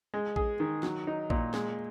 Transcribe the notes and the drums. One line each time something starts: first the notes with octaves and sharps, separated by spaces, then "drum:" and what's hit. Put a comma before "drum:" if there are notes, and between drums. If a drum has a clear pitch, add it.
G#3
G#4, drum: kick A1
D#3
F#3, drum: snare
D#4
A#2, drum: kick A1
G#3, drum: snare